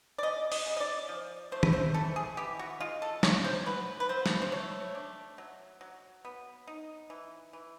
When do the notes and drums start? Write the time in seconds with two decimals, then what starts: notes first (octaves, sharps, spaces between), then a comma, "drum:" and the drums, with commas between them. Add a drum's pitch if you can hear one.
0.18 D5
0.23 C#3 D#5
0.52 D#5, drum: open hi-hat
0.66 C#3
0.77 D#5
0.80 D5
1.08 F3
1.52 A3 C5
1.63 B4, drum: tom
1.73 C5
1.94 E3 A4
2.16 G#4
2.37 E3 G4
2.59 F#4
2.80 G#3 F4
3.02 A4
3.23 C#4 C#5, drum: snare
3.44 C5
3.66 F#3 B4
4.00 B4
4.09 F#3 C5
4.26 drum: snare
4.42 C5
4.52 A3 C#5
4.95 D4
5.38 F#3
5.81 F#3
6.25 B3
6.67 D#4
7.10 E3
7.53 E3